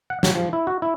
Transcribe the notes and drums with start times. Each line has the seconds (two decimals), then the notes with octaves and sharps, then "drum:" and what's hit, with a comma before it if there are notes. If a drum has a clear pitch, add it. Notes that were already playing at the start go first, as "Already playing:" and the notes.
0.10 F#5
0.23 F#3, drum: snare
0.35 F3
0.53 E4
0.67 F#4
0.82 E4